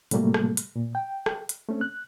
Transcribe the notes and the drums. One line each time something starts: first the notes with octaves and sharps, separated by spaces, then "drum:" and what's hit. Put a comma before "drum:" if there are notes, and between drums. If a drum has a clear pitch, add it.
A2 C3 F#3 G3 A3 A#3, drum: hi-hat
drum: rim click
drum: hi-hat
A#2
G5
drum: rim click
drum: hi-hat
A3 C4 C#4
F#6